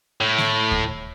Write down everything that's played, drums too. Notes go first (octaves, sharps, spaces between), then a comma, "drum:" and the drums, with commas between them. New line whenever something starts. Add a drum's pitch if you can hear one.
A2
drum: snare A3
drum: kick D2